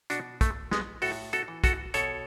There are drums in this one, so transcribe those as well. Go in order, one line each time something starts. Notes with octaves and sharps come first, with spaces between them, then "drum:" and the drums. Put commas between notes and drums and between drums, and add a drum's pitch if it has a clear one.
B2 D4 F#4, drum: hi-hat
A3, drum: kick, hi-hat
G#3 B3, drum: snare
A2 F#4 A4, drum: open hi-hat
F#4 A4, drum: hi-hat
E3
F#4 A4, drum: kick, hi-hat
B2 A4 C#5, drum: hi-hat